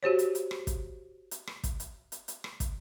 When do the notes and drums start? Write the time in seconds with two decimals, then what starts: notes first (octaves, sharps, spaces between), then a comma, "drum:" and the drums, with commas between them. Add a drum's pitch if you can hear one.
0.03 F#4 G4 C5 C#5
0.19 drum: hi-hat
0.35 drum: hi-hat
0.51 drum: rim click
0.67 drum: kick, hi-hat
1.31 drum: hi-hat
1.47 drum: rim click
1.64 drum: kick, hi-hat
1.80 drum: hi-hat
2.12 drum: hi-hat
2.28 drum: hi-hat
2.44 drum: rim click
2.60 drum: kick, hi-hat